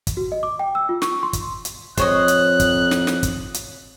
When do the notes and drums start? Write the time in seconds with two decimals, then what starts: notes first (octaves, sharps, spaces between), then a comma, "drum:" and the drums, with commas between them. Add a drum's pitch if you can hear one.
0.07 drum: kick, hi-hat
0.17 F#4
0.32 D#5
0.43 D6
0.59 G5
0.75 E6
0.89 F4
1.02 C#6, drum: snare
1.23 C6
1.33 drum: kick, hi-hat
1.65 drum: hi-hat
1.97 F2 C5 C#5 D#5 F#6, drum: kick, hi-hat
2.28 drum: hi-hat
2.60 drum: kick, hi-hat
2.91 drum: snare
3.07 drum: snare
3.23 drum: kick, hi-hat
3.54 drum: hi-hat